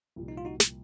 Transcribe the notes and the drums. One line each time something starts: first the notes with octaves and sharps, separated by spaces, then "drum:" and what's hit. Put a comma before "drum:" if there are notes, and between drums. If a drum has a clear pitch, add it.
C2 A#2 F3
D#4
F4
D#4 F#4
drum: snare